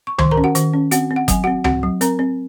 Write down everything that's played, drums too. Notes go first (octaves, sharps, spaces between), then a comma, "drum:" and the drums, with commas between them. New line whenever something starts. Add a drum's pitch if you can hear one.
C#6
D#3 C5 C6, drum: tom C#2
A#4 A#5
C#4
F#4 F#5
D#3, drum: hi-hat
C#4
C4 F#4 F#5, drum: hi-hat
C4
F#5
F#3 G#5, drum: kick, hi-hat
C4 F#4 F#5
C4 F#4 F#5, drum: tom C#2
F#3
C4 A#4 A#5, drum: hi-hat
C4